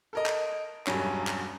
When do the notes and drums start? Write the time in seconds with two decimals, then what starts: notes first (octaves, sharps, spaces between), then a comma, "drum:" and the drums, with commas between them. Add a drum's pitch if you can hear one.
0.13 A4 A#4 D#5
0.26 drum: clap
0.87 E1 G2 F#3 C#4, drum: clap
1.27 drum: clap